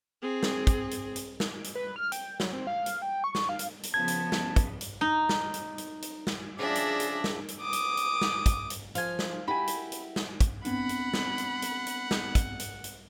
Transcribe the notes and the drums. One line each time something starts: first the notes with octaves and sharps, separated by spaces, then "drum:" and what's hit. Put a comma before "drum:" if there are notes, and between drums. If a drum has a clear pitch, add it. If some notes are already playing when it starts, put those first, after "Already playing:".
C4 G#4
drum: snare
drum: kick, hi-hat
drum: hi-hat
drum: hi-hat
drum: snare
drum: hi-hat
B4
F6
G5, drum: hi-hat
F#3, drum: snare
C4
F5
drum: hi-hat
G5
C#6
drum: snare
F5
drum: hi-hat
drum: hi-hat
C#3 F3 B3 A5 G#6
drum: hi-hat
drum: snare
drum: kick, hi-hat
drum: hi-hat
D#4
drum: snare
drum: hi-hat
drum: hi-hat
drum: hi-hat
drum: snare
C#3 F3 D4 G4 G#4 D5 E5 A#6
drum: hi-hat
drum: hi-hat
drum: snare
drum: hi-hat
D6 D#6
drum: hi-hat
drum: hi-hat
drum: snare
drum: kick, hi-hat
drum: hi-hat
F3 F5 G#5, drum: hi-hat
drum: snare
E4 F#4 G4 G#5 B5
drum: hi-hat
drum: hi-hat
drum: snare
drum: kick, hi-hat
B3 C4 D4 F#5 B5, drum: hi-hat
drum: hi-hat
drum: snare
drum: hi-hat
drum: hi-hat
drum: hi-hat
drum: snare
drum: kick, hi-hat
drum: hi-hat
drum: hi-hat